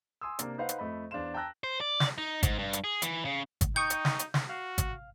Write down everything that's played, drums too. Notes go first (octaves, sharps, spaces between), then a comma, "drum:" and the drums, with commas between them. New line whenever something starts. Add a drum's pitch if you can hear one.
G#5 C6 D#6 E6
C3 A#3 D4, drum: hi-hat
D#4 B4 C5 F5 F#5
drum: hi-hat
F2 A3 D#5 B5
E2 D4 C5 F5 C6 E7
G5 A5 A#5 E6 F#6 A#6
C5
D5
drum: snare
D#4
G#2, drum: kick, hi-hat
G2
drum: hi-hat
G#4
E3, drum: hi-hat
C#3
drum: kick, hi-hat
D#4 G5 C#6 D#6 G6
drum: hi-hat
drum: snare
drum: hi-hat
drum: snare
F#4 F5
drum: kick, hi-hat